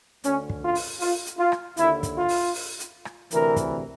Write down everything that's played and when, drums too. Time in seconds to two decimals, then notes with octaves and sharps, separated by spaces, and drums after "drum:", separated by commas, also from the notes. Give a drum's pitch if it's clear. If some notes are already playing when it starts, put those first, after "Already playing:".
0.24 D2 D3 C#4, drum: hi-hat
0.50 drum: kick
0.63 F4
0.75 drum: open hi-hat
1.00 F4, drum: open hi-hat
1.26 drum: hi-hat
1.38 F4
1.52 drum: rim click
1.77 D#2 D3 E4, drum: hi-hat
2.03 drum: kick, hi-hat
2.16 F4
2.29 drum: open hi-hat
2.54 drum: open hi-hat
2.80 drum: hi-hat
3.05 drum: rim click
3.31 D2 C3 E3 A#4, drum: hi-hat
3.56 drum: kick, hi-hat